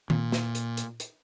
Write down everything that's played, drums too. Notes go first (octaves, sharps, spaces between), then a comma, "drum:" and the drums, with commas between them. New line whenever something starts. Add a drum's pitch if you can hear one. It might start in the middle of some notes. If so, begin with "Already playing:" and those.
A#2, drum: tom D#3
drum: snare
drum: hi-hat
drum: hi-hat
drum: hi-hat